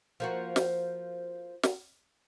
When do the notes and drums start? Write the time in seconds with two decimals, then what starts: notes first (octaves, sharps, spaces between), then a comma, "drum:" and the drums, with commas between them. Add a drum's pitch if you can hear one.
0.20 F3 A#3 F#4
0.56 drum: snare
1.63 drum: snare